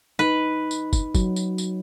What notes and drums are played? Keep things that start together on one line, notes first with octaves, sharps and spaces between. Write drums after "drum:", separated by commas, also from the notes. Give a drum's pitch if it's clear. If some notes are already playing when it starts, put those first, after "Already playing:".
D#4 B4
drum: tambourine
drum: kick, tambourine
F#3, drum: kick, tambourine
drum: tambourine
drum: tambourine